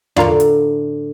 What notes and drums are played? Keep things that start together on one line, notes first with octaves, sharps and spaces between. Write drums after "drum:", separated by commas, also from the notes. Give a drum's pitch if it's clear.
A2 D3 D4 F4 A#4, drum: tom E2
drum: hi-hat